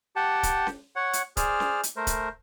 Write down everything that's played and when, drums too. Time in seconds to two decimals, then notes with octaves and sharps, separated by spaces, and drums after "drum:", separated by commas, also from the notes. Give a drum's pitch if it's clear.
0.16 G4 F#5 G5 A5
0.43 drum: kick D1, hi-hat
0.67 drum: snare C#4
0.96 C#5 F#5
1.13 drum: hi-hat
1.37 G#4 C5 D5 F6, drum: kick D1, hi-hat
1.60 drum: snare C#4
1.83 drum: hi-hat
1.96 A3 A#4 C5
2.07 drum: kick D1, hi-hat